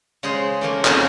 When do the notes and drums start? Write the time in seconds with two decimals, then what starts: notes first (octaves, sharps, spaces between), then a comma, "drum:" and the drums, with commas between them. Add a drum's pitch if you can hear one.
0.23 C#3 G#3 G#4 C5
0.61 E3 A3 A#3
0.85 F2 C#3 A#3 B3 D#4, drum: clap